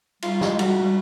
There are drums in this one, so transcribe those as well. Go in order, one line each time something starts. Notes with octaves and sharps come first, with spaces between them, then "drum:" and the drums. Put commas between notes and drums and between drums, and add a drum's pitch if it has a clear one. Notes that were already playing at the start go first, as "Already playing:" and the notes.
G3 F4, drum: cymbal
G#3, drum: snare
G3 F#4, drum: cymbal
G3